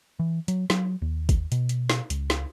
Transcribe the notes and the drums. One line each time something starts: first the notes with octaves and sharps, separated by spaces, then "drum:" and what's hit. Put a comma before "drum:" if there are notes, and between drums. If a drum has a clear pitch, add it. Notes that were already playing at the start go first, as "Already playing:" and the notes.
E3
F#3, drum: hi-hat
F#3, drum: snare
D#2
drum: kick, hi-hat
B2, drum: hi-hat
drum: hi-hat
drum: snare
C#2, drum: hi-hat
drum: snare